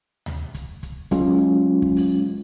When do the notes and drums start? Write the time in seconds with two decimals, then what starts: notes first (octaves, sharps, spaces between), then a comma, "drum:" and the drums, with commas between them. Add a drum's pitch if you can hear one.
0.26 drum: tom D2
0.55 drum: kick, hi-hat
0.83 drum: kick, hi-hat
1.11 F#3 G#3 C#4 F4, drum: kick, hi-hat
1.82 drum: kick
1.96 drum: open hi-hat